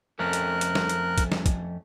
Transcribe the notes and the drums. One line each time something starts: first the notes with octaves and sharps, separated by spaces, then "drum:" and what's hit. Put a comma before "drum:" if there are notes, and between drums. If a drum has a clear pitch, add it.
F2 A3 C#4 A#4 F#6
drum: hi-hat
drum: hi-hat
drum: snare
drum: hi-hat
drum: kick, hi-hat
drum: snare
drum: kick, hi-hat